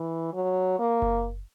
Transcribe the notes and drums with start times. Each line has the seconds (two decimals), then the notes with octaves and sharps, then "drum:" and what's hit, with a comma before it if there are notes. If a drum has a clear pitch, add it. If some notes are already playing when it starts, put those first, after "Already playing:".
Already playing: E3
0.33 F#3
0.79 A#3
1.02 drum: kick F#1